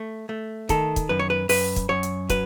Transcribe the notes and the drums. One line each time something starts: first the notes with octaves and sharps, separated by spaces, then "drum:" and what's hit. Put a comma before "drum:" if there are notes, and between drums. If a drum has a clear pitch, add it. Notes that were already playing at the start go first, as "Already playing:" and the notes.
Already playing: A3
A3
D#3 A4, drum: kick, hi-hat
drum: kick, hi-hat
F#2 B4
C#5
B4
F#2 B4, drum: open hi-hat
drum: kick, hi-hat
F#2 C#5
drum: hi-hat
F#3 B4, drum: kick, hi-hat